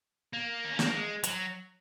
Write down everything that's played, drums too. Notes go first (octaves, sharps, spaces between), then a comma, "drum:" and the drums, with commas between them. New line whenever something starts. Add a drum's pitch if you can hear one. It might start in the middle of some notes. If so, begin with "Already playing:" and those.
A#3
D#4
C#4
C4, drum: snare
A#3
G#3
F#3, drum: hi-hat